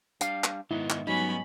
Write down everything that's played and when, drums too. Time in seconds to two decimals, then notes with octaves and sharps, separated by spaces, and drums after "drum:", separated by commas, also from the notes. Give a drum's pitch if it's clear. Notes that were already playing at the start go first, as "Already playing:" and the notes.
0.21 G3 D4 F5, drum: hi-hat
0.44 drum: clap
0.71 G#2 D#3 B3 D#4 E4
0.90 drum: clap
1.07 F#3 G3 B3 C#4 D#4 B5